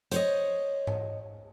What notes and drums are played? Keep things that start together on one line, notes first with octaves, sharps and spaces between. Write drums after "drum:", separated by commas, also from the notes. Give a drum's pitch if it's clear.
C5 C#5 D#5, drum: hi-hat
drum: tom G#2